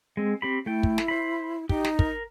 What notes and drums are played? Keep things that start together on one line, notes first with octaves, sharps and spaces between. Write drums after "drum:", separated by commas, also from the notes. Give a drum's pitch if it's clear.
G#3 C4
C4 G4 B5
A3 E4 G5
drum: kick
drum: snare
C5 B5
D#4 G4, drum: kick
drum: snare
A#4, drum: kick